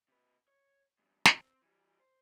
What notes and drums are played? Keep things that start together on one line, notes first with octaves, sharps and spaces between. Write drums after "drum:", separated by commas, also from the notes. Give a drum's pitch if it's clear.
C3 B4
C#5
E2 G2
drum: snare
C4
E3 G3
C5